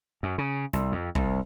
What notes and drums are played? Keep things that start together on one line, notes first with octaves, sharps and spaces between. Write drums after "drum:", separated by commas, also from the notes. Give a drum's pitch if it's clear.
F#2
C#3
C2, drum: snare
F2
C2, drum: kick